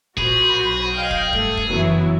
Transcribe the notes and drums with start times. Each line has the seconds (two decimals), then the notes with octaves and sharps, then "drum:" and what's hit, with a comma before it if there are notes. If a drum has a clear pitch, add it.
0.18 A#1 A#2 F#4 G#4 C5 B5, drum: kick
0.57 B1
0.93 D#5 F5 G5
1.11 drum: kick
1.33 G2 A3 A4, drum: kick
1.57 drum: kick
1.67 F#1 E3 F#3 B3 E4